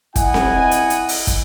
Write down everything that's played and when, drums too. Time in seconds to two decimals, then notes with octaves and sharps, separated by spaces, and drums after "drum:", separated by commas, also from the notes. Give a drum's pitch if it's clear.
0.16 E4 D#5 F#5 G#5, drum: kick, hi-hat
0.34 drum: snare C4
0.71 drum: hi-hat
0.90 drum: hi-hat
1.09 drum: open hi-hat
1.27 drum: kick, hi-hat